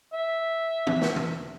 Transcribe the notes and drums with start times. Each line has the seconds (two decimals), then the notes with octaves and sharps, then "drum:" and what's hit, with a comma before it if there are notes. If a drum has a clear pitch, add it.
0.13 E5
0.87 drum: tom
1.01 drum: snare
1.16 drum: tom E3